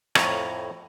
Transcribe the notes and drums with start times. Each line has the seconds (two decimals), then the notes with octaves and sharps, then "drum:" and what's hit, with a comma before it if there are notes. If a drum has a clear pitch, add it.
0.15 F2 A2 C#5 A#5, drum: rim click